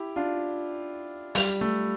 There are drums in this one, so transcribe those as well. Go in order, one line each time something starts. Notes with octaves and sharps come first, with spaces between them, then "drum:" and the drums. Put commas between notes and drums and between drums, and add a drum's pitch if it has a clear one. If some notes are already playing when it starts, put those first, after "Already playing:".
Already playing: E4 G4
D4 F4
G3, drum: open hi-hat
A3